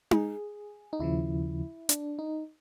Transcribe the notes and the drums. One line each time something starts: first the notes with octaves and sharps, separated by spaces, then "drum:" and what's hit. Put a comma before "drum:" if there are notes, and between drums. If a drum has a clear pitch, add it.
G#4, drum: tom D#4
D#4
D#2 C#3 F3 E4
D4, drum: hi-hat
D#4